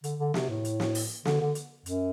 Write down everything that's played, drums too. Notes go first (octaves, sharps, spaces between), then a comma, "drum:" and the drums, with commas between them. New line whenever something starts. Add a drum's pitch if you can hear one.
D3, drum: hi-hat
D3
C3, drum: snare
A2
drum: hi-hat
drum: snare
drum: open hi-hat
D3, drum: snare
D3
drum: hi-hat
F#2, drum: hi-hat